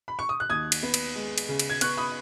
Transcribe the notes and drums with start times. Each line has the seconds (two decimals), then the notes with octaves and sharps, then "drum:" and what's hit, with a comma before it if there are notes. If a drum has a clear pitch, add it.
0.08 B5
0.19 C#6
0.29 D#6
0.40 F#6
0.50 D#2 D#6 G#6
0.72 drum: cymbal
0.83 B3
0.94 drum: cymbal
1.16 G#3
1.38 drum: cymbal
1.49 C#3
1.59 drum: cymbal
1.70 G#6
1.81 B3 C#6 F#6, drum: cymbal
1.97 B5 D#6